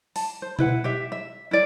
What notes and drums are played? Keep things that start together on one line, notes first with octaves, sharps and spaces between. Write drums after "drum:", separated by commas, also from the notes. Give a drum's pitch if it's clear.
A5, drum: open hi-hat
C5
E4 B4 F#5, drum: tom B2
G4 E5
E5
E4 A#4 D5